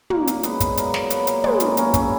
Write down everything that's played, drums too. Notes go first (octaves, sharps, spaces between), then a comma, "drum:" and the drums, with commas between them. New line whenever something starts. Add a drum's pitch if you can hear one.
A#2 A#3, drum: tom
F#3, drum: hi-hat
F#3 G#3 B3, drum: hi-hat
A#2, drum: kick, hi-hat
A#2 A#3, drum: hi-hat
F#3, drum: snare
B3
F#3 A#3, drum: hi-hat
A#2, drum: hi-hat
A#2 G#3 B3, drum: tom
F#3 A#3 C#4, drum: hi-hat
F#3 A#3 C#4, drum: hi-hat
A#2 C#4 E4, drum: kick, hi-hat